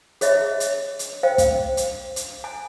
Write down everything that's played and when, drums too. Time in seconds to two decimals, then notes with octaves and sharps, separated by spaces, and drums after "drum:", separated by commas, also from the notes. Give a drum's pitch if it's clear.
0.21 G#4 C#5 D#5 E5, drum: hi-hat
0.60 drum: hi-hat
0.99 drum: hi-hat
1.23 C5 F5 G5
1.38 drum: kick, hi-hat
1.77 drum: hi-hat
2.16 drum: hi-hat
2.44 G#5